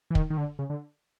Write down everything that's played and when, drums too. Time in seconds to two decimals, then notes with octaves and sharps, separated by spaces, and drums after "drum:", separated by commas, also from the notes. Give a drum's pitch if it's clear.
0.10 E3
0.15 D#3, drum: kick
0.30 D#3
0.38 D3
0.59 C#3
0.70 D3